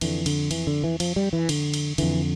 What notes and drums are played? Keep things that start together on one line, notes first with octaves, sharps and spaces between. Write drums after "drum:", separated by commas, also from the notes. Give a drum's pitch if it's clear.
F2 D3 E3, drum: cymbal
D3, drum: cymbal
E3, drum: cymbal
D3
E3
F3, drum: cymbal
G3
E3
D3, drum: cymbal
drum: cymbal
F2 D3 E3, drum: cymbal